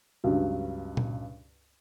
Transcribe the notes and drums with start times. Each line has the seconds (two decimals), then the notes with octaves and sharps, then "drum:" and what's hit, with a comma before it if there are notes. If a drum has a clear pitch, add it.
0.24 C#2 G2 F#3
0.97 drum: tom